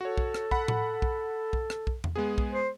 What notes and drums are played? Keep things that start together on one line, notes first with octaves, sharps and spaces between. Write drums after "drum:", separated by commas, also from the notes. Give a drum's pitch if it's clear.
F#4 A4 C#5
drum: kick
drum: rim click
F#5 B5, drum: kick
drum: tom A2
drum: kick
drum: kick
drum: rim click
drum: kick
drum: tom E2
G#3 B3 G#4
drum: kick
C5